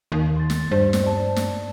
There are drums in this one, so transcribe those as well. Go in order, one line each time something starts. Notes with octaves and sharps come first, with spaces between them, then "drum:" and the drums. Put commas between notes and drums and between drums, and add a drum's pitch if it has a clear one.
D#2
C6 A6
drum: snare
G2 C5
drum: snare
D5 A5
drum: snare